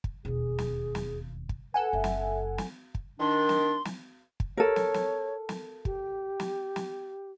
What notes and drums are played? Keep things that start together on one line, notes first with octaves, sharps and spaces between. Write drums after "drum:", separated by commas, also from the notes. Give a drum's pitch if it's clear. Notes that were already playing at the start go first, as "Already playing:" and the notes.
drum: kick
E1 D#2 G#4
drum: snare
drum: snare
drum: kick
A4 B4 F#5 G#5
F#1 F#2 E5
drum: snare
drum: snare
drum: kick
D#3 D4 C6
drum: snare
drum: snare
drum: kick
A4 A#4 C#5
drum: snare
drum: snare
drum: snare
G4, drum: kick
drum: snare
drum: snare